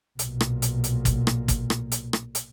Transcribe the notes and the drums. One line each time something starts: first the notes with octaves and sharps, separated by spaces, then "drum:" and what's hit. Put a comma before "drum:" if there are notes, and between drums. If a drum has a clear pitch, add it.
B1 A#2, drum: hi-hat
drum: rim click
drum: hi-hat
drum: hi-hat
drum: kick, hi-hat
drum: rim click
drum: kick, hi-hat
drum: rim click
drum: hi-hat
drum: rim click
drum: hi-hat